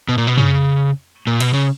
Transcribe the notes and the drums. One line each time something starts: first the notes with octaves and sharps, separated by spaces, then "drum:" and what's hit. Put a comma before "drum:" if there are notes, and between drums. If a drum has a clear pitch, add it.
B2
A#2
B2
C#3, drum: tom
A#2
B2, drum: cymbal
C#3